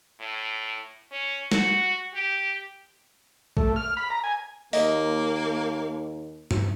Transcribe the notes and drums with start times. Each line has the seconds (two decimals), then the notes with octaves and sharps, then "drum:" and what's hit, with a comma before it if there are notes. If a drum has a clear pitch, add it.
0.20 A2
1.11 C#4
1.52 F#4, drum: snare
2.14 G4
3.57 A3, drum: kick
3.76 F6
3.97 B5
4.10 A#5
4.24 G#5
4.73 D#2 A#3 D#5, drum: open hi-hat
6.51 drum: tom G2